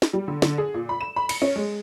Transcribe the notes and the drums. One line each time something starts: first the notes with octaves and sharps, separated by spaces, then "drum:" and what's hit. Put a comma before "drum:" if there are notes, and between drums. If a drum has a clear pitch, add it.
drum: snare
G3
D3
D3, drum: snare
G#4
A#2
B5
E7
B5
C#7, drum: cymbal
C#4
G#3